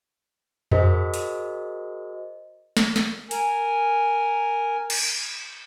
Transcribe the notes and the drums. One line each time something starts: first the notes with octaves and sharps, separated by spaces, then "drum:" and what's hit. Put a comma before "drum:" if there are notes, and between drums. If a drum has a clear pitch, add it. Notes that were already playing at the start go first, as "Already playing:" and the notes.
F#4 G#4 A#4 C5 D#5, drum: tom F2
drum: hi-hat
drum: snare
drum: snare
A#4 G#5, drum: hi-hat
drum: cymbal